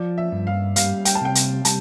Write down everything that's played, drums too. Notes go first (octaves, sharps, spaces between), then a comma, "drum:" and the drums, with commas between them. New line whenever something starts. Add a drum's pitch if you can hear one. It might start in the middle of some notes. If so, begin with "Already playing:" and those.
Already playing: F3 D5
E5
G2
F5
G3 F5, drum: hi-hat
G5, drum: hi-hat
A5
C3 G5
drum: hi-hat
G3 A5, drum: hi-hat